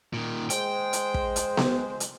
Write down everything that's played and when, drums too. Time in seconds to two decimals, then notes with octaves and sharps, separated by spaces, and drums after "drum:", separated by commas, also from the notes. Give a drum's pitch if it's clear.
0.14 A#2 D#3
0.50 G#3 C5 G5, drum: hi-hat
0.93 drum: hi-hat
1.14 drum: kick
1.36 drum: hi-hat
1.57 drum: snare B3
2.00 drum: hi-hat